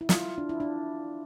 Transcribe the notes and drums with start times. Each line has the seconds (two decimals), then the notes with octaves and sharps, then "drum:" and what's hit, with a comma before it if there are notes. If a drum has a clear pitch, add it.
0.01 E4
0.09 F4, drum: snare
0.16 E4
0.38 D4
0.49 E4
0.60 D4